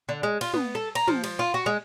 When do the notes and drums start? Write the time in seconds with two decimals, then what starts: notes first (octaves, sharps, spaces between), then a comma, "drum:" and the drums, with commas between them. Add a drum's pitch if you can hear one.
0.09 D3
0.23 G#3
0.41 F4, drum: cymbal
0.54 B3, drum: tom
0.75 A4
0.95 A#5, drum: cymbal
1.08 F3, drum: tom
1.24 F3, drum: cymbal
1.39 F4
1.54 F#4
1.66 G#3